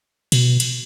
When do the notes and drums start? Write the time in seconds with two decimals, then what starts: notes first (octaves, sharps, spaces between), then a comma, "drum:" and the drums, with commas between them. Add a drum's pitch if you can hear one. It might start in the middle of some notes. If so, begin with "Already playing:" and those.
0.32 B2, drum: cymbal
0.60 drum: cymbal